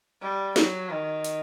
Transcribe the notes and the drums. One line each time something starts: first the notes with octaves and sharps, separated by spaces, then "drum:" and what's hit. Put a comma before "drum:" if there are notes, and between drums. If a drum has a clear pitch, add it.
G3
F#3, drum: snare
D#3
drum: hi-hat